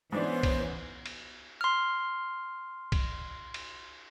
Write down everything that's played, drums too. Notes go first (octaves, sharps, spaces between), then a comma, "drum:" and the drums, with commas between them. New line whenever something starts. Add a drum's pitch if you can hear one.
G#2 E3 B3 C#4 D4 C5 D5
drum: kick B1, cymbal
drum: cymbal
C6 F6
drum: kick B1, cymbal
drum: cymbal